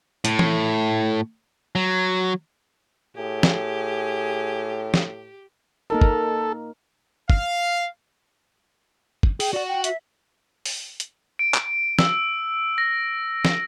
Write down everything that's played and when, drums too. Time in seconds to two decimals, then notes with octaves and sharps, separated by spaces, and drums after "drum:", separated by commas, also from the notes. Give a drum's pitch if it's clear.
0.25 A2, drum: hi-hat
0.39 drum: tom E3
1.75 F#3
3.17 A2 G4 G#4
3.43 drum: snare
4.94 drum: snare
5.90 A#3 D#4 A4 A#4
6.01 drum: kick
7.30 F5, drum: kick
9.23 drum: kick
9.40 G#4 G5, drum: open hi-hat
9.53 F#4 D5 F#5
9.68 G5
9.84 E5, drum: hi-hat
10.66 drum: open hi-hat
11.00 drum: hi-hat
11.39 D7
11.54 drum: clap
11.99 E6, drum: snare
12.78 A#6
13.45 drum: snare